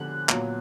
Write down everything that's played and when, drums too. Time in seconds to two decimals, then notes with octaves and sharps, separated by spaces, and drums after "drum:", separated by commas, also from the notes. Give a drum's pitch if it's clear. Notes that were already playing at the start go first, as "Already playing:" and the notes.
Already playing: D3 F3 B3 F#6
0.29 A#2 F#3 B3, drum: clap